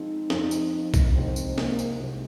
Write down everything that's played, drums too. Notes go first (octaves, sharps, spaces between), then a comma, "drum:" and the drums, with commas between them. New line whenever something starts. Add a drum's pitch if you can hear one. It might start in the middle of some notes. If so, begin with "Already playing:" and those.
Already playing: F3 G#3 C4 D#4
F2 F3 C4, drum: snare
drum: tambourine
drum: kick, tambourine
C2 C3 G#3 C4 D#4 C5
drum: tambourine
A#3, drum: snare
drum: tambourine
C2 C3 G#3 D#4 C5